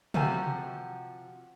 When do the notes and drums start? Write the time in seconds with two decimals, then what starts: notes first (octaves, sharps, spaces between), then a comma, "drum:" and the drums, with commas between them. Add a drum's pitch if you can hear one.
0.14 C3 F3 F#4 G4 G#5, drum: tom C3